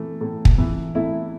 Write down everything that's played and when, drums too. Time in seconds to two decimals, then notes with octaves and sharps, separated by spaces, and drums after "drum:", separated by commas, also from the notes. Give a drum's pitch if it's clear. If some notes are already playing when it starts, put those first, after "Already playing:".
Already playing: E3 A3
0.21 A2
0.45 drum: kick
0.58 E3
0.95 A2 E4